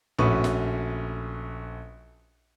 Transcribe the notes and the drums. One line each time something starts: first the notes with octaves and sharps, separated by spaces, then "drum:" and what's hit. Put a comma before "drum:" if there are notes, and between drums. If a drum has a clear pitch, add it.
A#1 A3 C#4 F#4 B4 C#6, drum: tom A2
drum: snare